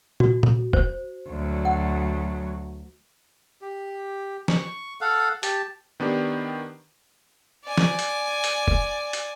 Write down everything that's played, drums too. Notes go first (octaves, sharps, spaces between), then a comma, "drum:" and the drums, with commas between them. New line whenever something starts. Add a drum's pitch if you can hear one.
F#4, drum: tom
drum: tom
C5, drum: kick
D2 F#3
F#5
G4
C#6, drum: snare
A4 F5 F#5
G4 A5, drum: hi-hat
D#3 B3 D4 G4
D5 G#5
drum: snare
drum: hi-hat
drum: hi-hat
drum: kick
drum: hi-hat